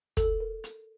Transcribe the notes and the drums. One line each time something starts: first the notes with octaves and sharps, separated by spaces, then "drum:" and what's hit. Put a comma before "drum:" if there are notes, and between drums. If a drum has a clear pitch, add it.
A4, drum: kick, hi-hat
A#4
drum: hi-hat